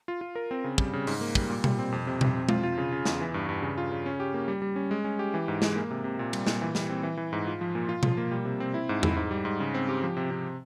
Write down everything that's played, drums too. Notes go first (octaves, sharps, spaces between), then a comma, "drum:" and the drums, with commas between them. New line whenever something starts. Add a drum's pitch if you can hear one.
F4
F4
A#4
C4
C#3
G3, drum: kick
C#3
G#2, drum: open hi-hat
A#3
G3, drum: kick
A#2
G3, drum: tom B2
C4
F2
C3
F2, drum: tom B2
C4
F4, drum: tom G#3
F4
C#3
C#3
E2, drum: snare
E3
G2
G2
C#3
F4
C#3
C#4
G4
A#3
G3
G3
C#4
G#3
C#4
G4
E3
G#2
G#3, drum: snare
A#3
C3
C3
A#2
G3, drum: cymbal
A#2, drum: snare
E3
G3, drum: snare
C4
E3
E3
G#2
F4
F3
A#2
F4
F3, drum: tom B2
A#3
G3
C3
C4
E4
G#2
E4, drum: tom E2
G#2
G3
G#2
C#3
C4
G4
F3
C3
C3